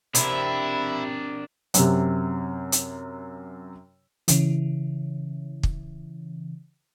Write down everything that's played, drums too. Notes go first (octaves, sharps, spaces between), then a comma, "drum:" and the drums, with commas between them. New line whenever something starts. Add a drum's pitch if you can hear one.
C3 D4 E4 A#4 B5, drum: hi-hat
F#2 C3, drum: hi-hat
drum: hi-hat
C#3 E3, drum: hi-hat
drum: kick